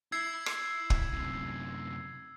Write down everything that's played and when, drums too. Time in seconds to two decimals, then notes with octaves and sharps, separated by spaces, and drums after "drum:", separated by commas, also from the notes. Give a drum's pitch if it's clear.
0.12 E4 E5 E6 G#6 C7
0.46 drum: rim click
0.90 drum: kick
1.12 F#2 C3